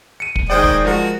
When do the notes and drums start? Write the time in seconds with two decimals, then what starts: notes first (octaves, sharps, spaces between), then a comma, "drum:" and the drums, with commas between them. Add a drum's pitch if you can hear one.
0.20 C#7 D#7
0.36 drum: kick
0.50 D#3 G#3 C5 D5 D#5 G5
0.64 drum: kick
0.85 F3 G#3 F#4 A#4